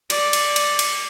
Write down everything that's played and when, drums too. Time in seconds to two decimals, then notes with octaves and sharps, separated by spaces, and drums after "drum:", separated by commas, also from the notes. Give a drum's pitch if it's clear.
0.10 D5, drum: cymbal
0.33 drum: cymbal
0.56 drum: cymbal
0.79 drum: cymbal